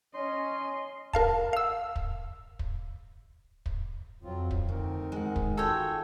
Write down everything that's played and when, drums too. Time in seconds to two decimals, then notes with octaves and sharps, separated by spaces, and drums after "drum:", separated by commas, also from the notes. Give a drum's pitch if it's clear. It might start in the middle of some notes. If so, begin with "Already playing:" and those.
0.15 C#4 D#5 C6
1.13 A#4 F5 A5, drum: kick
1.53 F5 E6
1.96 drum: kick
2.59 drum: kick
3.66 drum: kick
4.23 F2 F#3 C4 F4
4.51 drum: kick
4.69 D2 D#3 C4 A#4
5.12 G#3 F#5
5.36 drum: kick
5.57 F4 F#4 A4 C#5 G5